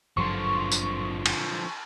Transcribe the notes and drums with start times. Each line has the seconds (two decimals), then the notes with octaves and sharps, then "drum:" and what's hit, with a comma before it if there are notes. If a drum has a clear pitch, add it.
0.17 G#1 G2 D3 F3 F#3 C6 C#6
0.72 drum: tambourine
1.26 drum: cymbal